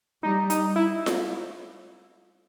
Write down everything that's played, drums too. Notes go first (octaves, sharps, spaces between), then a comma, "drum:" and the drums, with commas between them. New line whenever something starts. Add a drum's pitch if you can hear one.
G3 D#4
D#4, drum: hi-hat
E4
drum: snare F4